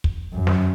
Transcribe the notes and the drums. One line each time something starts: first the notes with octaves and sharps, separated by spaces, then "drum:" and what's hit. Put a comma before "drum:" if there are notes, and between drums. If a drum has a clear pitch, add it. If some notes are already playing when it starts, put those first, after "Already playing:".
drum: kick
F#2
drum: snare